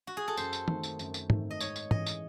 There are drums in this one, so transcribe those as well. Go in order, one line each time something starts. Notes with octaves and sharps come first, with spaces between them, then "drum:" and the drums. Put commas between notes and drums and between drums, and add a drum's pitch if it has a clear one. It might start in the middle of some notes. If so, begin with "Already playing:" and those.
F#4
G#4
A4
F#2 C5, drum: tambourine
drum: tambourine
D#3 A3 C4 D#4, drum: tom
drum: tambourine
F#2, drum: tambourine
drum: tambourine
D#3 A3 C4 D#4, drum: tom
D#5
G#2 C#5, drum: tambourine
drum: tambourine
E3 G#3 C#4 G#4 D#5, drum: tom
drum: tambourine